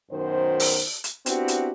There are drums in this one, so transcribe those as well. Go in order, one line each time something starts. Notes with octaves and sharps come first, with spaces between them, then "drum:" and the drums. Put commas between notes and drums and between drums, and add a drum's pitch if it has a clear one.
F#2 B2 D#3 C5
drum: open hi-hat
drum: hi-hat
B3 C4 D4 E4 F#4 G4, drum: hi-hat
drum: hi-hat